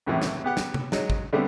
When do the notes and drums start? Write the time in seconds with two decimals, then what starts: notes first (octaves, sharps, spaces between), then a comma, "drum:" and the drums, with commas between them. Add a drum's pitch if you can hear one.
0.06 C#2 F#2 A2 C3 D#3 E3
0.22 drum: snare
0.44 B3 G4 F#5
0.57 drum: snare
0.74 drum: tom C3
0.92 F#3 G#3 D#4, drum: snare
1.10 drum: kick
1.33 D3 G3 A3 B3 C4